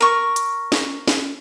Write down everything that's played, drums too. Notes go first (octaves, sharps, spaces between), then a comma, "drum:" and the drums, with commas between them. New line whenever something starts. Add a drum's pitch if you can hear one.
A#4 C#6
drum: hi-hat
drum: snare
drum: snare